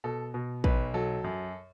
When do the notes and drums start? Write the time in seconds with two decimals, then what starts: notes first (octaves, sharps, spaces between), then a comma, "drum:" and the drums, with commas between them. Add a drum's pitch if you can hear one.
0.04 B2 A4
0.34 B2
0.64 B1 B4, drum: kick
0.94 F#3 A4
1.24 F#2